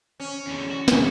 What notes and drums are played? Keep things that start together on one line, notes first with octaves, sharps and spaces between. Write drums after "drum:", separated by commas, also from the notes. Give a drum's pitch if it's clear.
C#4
E2 D3
F#4
B3 G#4, drum: snare